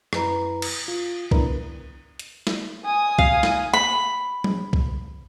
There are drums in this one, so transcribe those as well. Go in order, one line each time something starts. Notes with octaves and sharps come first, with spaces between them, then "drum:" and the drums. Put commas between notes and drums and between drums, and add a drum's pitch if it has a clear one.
F#2 E4 B4 A#5, drum: rim click
drum: cymbal
F4
B3 D4 E4 A#4 B4, drum: kick B1
drum: hi-hat
drum: snare
G#5 D#6
F5, drum: kick B1
drum: snare
B5
drum: tom F#3
drum: kick B1